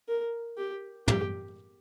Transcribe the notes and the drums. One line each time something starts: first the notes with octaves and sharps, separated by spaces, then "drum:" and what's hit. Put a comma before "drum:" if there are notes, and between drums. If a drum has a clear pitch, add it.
A#4
G4
G4, drum: tom